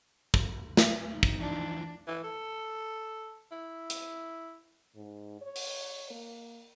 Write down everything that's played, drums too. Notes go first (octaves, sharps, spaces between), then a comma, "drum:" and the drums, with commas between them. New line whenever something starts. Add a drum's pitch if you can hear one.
drum: kick
B4, drum: snare
D#4
drum: kick
E3 F3 D4
E3
A4
E4
drum: hi-hat
G#2
C#5
drum: open hi-hat
A#3